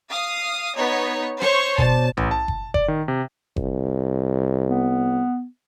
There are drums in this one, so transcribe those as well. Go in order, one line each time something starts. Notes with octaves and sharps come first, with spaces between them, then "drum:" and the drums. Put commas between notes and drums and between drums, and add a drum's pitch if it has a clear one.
F5 D#6
B3 D#4 C#5
C5 C#5 C#6, drum: rim click
B2 C5 D5 A5, drum: kick F#1
A1, drum: tom B1
A5
drum: kick F#1
D5, drum: kick F#1
D#3
C3
C2, drum: kick F#1
B3